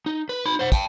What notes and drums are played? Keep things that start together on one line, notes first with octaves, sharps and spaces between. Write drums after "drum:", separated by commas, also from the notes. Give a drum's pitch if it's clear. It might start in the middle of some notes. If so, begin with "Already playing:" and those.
D#4
B4
D#4 B5
C5 F#5
G5 A5, drum: kick, hi-hat